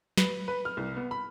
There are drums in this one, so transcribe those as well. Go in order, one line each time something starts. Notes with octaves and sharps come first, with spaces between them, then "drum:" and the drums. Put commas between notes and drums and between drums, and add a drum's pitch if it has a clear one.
B4, drum: snare
B4
F6
C2
B3
B5